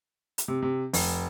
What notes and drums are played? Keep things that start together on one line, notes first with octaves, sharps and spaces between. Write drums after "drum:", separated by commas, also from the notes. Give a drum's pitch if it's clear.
drum: hi-hat
C3
C3
F1, drum: open hi-hat